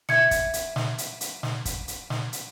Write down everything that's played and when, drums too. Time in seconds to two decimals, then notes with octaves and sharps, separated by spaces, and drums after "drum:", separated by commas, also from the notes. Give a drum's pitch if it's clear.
0.09 E5 G#6 C#7, drum: snare
0.31 drum: kick, hi-hat
0.54 drum: hi-hat
0.76 drum: snare
0.98 drum: hi-hat
1.21 drum: hi-hat
1.43 drum: snare
1.65 drum: kick, hi-hat
1.88 drum: hi-hat
2.10 drum: snare
2.33 drum: hi-hat